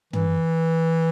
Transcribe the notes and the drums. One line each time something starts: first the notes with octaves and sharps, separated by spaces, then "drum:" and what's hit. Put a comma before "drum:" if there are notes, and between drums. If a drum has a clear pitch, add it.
E3, drum: tom